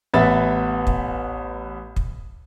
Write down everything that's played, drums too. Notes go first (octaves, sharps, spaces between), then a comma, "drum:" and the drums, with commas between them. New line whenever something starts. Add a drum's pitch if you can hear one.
A1 B3 E5 B5 A6
drum: kick
drum: kick